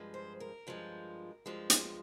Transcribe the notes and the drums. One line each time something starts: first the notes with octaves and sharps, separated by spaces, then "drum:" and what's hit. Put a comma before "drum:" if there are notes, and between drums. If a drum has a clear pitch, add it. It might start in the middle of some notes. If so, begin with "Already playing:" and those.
Already playing: G2 F3 G#3
C5
A#4
G2 F3 G#3
G2 F3 G#3
drum: hi-hat